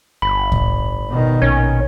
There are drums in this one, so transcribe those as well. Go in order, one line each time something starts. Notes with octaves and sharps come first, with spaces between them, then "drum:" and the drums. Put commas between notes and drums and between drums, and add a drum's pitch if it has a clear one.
G1 B5
A2 E4, drum: kick C2
B2 D#3
A#1 C#4 C#5